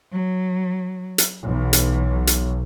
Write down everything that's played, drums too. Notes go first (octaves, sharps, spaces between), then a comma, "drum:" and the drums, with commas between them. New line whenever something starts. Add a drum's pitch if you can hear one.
F#3
drum: hi-hat
B1 E3
drum: hi-hat
drum: hi-hat